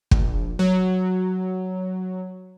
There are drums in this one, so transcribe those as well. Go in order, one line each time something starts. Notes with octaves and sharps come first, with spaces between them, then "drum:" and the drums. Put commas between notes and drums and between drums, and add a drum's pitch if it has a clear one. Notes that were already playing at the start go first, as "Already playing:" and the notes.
A#1, drum: kick
F#3